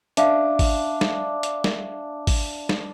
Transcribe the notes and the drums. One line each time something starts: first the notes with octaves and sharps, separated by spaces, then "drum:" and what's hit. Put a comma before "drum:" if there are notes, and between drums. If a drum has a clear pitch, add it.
D4 E5 F5, drum: hi-hat
drum: kick, open hi-hat
drum: snare
drum: hi-hat
drum: snare
drum: kick, open hi-hat
drum: snare